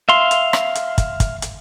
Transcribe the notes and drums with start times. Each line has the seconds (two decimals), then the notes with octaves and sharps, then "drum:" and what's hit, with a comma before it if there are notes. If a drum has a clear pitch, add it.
0.09 E5 F5 C6
0.31 drum: hi-hat
0.53 drum: rim click
0.75 drum: hi-hat
0.98 drum: kick, hi-hat
1.20 drum: kick, hi-hat
1.42 drum: hi-hat